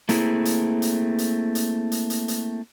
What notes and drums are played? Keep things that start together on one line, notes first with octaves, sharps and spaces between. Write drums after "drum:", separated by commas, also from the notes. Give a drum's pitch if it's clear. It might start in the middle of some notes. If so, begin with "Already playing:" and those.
A3 A#3 C4 E4 G#4, drum: hi-hat
drum: hi-hat
drum: hi-hat
drum: hi-hat
drum: hi-hat
drum: hi-hat
drum: hi-hat
drum: hi-hat